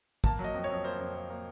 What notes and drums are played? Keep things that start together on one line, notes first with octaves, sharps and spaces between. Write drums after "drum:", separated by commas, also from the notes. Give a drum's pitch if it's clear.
A#3 A5, drum: kick
F#3
D#5
F2
C#5
F2
A#3 C5
F2
A#3
A#3